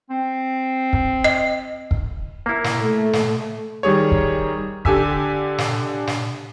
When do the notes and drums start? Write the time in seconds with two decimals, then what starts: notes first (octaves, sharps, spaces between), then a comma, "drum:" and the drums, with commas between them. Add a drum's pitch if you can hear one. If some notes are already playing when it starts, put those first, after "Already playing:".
0.10 C4
0.93 drum: kick
1.24 D#5
1.91 drum: kick
2.46 A#3 E4
2.64 drum: snare
2.81 A3
3.13 drum: snare
3.83 D#3 G3 G#4 C#5
4.11 drum: kick
4.85 D3 G4 A4 G#5 E6 B6, drum: kick
5.58 drum: snare
6.07 drum: snare